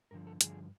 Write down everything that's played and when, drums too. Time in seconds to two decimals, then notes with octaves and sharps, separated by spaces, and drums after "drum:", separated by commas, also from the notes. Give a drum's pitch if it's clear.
0.11 G2 D3 F3 A#4
0.27 A4
0.41 G2 D3 F3 G#4, drum: hi-hat